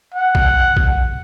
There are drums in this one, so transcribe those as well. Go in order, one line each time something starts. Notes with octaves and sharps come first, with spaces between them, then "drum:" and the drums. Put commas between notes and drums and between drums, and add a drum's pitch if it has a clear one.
F#5
drum: kick A#1
drum: kick A#1